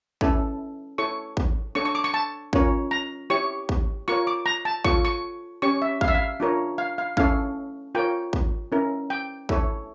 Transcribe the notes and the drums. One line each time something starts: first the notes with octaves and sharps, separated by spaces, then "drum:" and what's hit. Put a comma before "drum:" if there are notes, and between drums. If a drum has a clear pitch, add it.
C#4 E4 A4, drum: kick
E4 A4 C#5 C#6
drum: kick
D4 A4 C#5 C#6
C#6
D6
C#6
A5
C#4 F4 A#4 C#5, drum: kick
A#5
E4 G4 C#5 C#6
drum: kick
F4 A#4 C#5 C#6
D6
A#5
A5
F4 A4 C#5 C#6, drum: kick
C#6
C#4 G4 C#5 C#6
E5
F5, drum: kick
E5
F5
D4 F4 A#4 C#5
F5
F5
C#4 E4 A4 C#5 F5, drum: kick
F4 A#4 C#5 G5
drum: kick
C#4 E4 A#4
G5
E4 A4 C#5, drum: kick